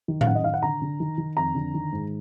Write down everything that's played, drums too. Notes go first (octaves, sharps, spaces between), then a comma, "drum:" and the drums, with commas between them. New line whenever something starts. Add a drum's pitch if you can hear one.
D#3
F5, drum: tom A2
F#2 F#5
D#5
D#3 F5
F#5
D3 A#5
D3
D#3
D#3
F2 A#5
D3
D#3
G#2